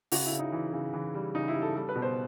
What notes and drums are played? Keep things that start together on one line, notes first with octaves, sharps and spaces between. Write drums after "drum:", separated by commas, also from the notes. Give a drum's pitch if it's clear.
C#3 F#4, drum: open hi-hat
E4
C#3
D#4
E3
C#3
E3
G3
C#3 D#4
E4
G3
A4
G3 A4
B4
B2
C5